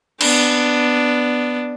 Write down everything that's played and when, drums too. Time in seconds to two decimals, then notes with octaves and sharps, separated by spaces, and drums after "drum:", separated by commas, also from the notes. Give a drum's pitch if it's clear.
0.21 B3 D4, drum: cymbal